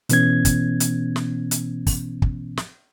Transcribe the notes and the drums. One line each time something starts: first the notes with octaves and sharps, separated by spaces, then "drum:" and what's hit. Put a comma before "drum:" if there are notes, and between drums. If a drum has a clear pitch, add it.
B2 E3 B3 C#4 G#6, drum: hi-hat
drum: kick, hi-hat
drum: hi-hat
drum: snare
drum: hi-hat
drum: kick, open hi-hat
drum: kick
drum: snare